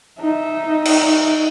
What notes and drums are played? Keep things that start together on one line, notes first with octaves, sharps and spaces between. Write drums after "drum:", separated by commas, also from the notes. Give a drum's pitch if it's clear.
D#4 E5
drum: cymbal